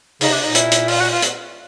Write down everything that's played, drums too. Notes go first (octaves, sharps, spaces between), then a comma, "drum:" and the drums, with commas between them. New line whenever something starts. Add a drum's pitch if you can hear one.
C#3 D#4, drum: open hi-hat
C3 D4
A#2 D#4
E4, drum: hi-hat
drum: hi-hat
F4, drum: open hi-hat
F#4
F4
drum: hi-hat